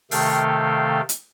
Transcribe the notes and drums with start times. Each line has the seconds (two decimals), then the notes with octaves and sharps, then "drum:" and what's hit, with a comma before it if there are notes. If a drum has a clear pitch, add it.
0.11 C3 D#3 A3 A4 F5 G5, drum: open hi-hat
1.09 drum: hi-hat